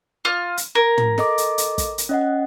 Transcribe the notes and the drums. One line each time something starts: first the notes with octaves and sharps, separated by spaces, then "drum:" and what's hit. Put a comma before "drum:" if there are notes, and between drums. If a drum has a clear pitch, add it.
F4 F6
drum: hi-hat
A#4 G#6
drum: tom
A4 D#5 D6, drum: snare
drum: hi-hat
drum: hi-hat
drum: kick, hi-hat
drum: hi-hat
C#4 D#5 F#5